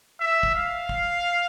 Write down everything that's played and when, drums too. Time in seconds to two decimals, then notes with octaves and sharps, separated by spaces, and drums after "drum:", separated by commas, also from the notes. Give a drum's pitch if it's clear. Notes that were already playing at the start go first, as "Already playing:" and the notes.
0.20 E5
0.43 drum: kick
0.55 F5
0.89 drum: kick